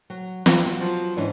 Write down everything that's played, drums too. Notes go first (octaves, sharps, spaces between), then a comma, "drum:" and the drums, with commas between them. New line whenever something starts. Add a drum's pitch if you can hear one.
F#3
C4 B4 F5, drum: snare
F#3
F3
G#2 E3 C#4 D4